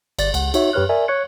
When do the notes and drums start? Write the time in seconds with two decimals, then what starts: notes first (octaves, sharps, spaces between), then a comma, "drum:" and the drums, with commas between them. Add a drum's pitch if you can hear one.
0.19 G1 D5 A6, drum: cymbal
0.34 C#2 F#5, drum: cymbal
0.54 D#4 F#4 C#5 E5, drum: cymbal
0.73 F#2 G4 B4 C#5 F6 F#6
0.89 A#4 D5 E5 G#5
1.08 C#5 C#6 F#6 G#6 C#7